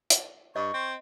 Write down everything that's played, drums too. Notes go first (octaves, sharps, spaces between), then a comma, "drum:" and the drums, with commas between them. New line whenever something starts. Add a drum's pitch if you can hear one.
drum: hi-hat
G2 D#5 C#6
C4